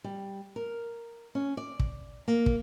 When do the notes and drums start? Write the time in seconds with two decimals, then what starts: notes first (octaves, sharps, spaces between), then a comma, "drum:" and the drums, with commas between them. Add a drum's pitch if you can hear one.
0.04 G3
0.56 A#4
1.35 C#4
1.57 D5
1.79 drum: kick
2.28 A#3
2.46 drum: kick